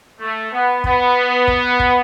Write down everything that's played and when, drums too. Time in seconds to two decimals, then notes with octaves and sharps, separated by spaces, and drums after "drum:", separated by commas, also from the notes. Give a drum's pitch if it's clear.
0.20 A3
0.52 B3
0.84 B3, drum: kick
1.48 drum: kick
1.80 drum: kick